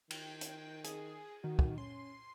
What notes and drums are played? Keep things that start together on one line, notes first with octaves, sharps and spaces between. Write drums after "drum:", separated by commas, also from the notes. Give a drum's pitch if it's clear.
D#3 G5, drum: cymbal
drum: hi-hat
G#4, drum: hi-hat
D#3 F#4
drum: kick
C#4 C6